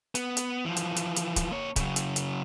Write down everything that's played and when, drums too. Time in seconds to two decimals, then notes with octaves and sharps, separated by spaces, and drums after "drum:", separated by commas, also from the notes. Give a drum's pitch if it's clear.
0.15 B3, drum: hi-hat
0.37 drum: hi-hat
0.65 E3 F3
0.76 drum: hi-hat
0.96 drum: hi-hat
1.16 drum: hi-hat
1.36 drum: kick, hi-hat
1.52 A#3 C#5
1.76 C#3 F#3, drum: kick, hi-hat
1.96 drum: hi-hat
2.16 drum: hi-hat